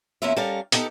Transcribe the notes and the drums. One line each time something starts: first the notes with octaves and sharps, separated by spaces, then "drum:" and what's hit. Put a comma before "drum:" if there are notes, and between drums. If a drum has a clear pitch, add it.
E2 A#3 C#4 E4 F4 E5
G3 C#4 A4 A#4 F5
B3 D#4 G4 A4, drum: hi-hat